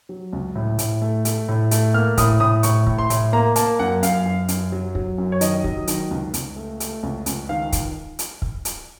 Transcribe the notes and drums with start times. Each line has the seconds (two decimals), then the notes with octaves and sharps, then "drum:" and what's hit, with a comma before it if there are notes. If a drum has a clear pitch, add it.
0.09 F#3
0.33 C#2
0.56 A2
0.79 A2, drum: hi-hat
1.02 A3
1.25 A3, drum: hi-hat
1.49 A2
1.71 A3, drum: hi-hat
1.94 A#3 F6
2.17 A2 D#6, drum: kick, hi-hat
2.40 A2 D#6
2.63 A2 C#6, drum: hi-hat
2.87 A2, drum: kick
2.98 C6
3.10 A2, drum: hi-hat
3.33 A#3 A#5
3.56 A#3 A5, drum: hi-hat
3.79 F#2 F#5
4.03 F#2 F5, drum: hi-hat
4.26 F#2
4.48 F#2, drum: hi-hat
4.72 F#3
4.95 F#3, drum: kick
5.18 F#2
5.32 C#5
5.41 D#3 D#5, drum: hi-hat
5.64 F#3, drum: kick
5.87 D#3, drum: hi-hat
6.11 C#2
6.34 C#2, drum: hi-hat
6.56 A3
6.80 A3, drum: hi-hat
7.03 C#2
7.26 C#2, drum: hi-hat
7.49 D#3 F5
7.72 drum: kick, hi-hat
8.19 drum: hi-hat
8.42 drum: kick
8.65 drum: hi-hat